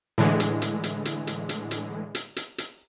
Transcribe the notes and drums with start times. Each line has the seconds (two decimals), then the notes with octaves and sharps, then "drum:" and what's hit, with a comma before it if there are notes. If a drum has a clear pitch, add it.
0.18 A2 D3 E3 G#3
0.40 drum: hi-hat
0.62 drum: hi-hat
0.83 drum: hi-hat
1.05 drum: hi-hat
1.27 drum: hi-hat
1.49 drum: hi-hat
1.71 drum: hi-hat
2.15 drum: hi-hat
2.36 drum: hi-hat
2.58 drum: hi-hat